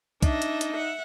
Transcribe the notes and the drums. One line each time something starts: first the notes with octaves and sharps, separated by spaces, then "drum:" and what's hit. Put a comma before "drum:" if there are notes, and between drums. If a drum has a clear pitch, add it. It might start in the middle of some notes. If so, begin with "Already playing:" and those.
D4 D#4 E5 A#6, drum: kick, hi-hat
drum: hi-hat
drum: hi-hat
E5 F#5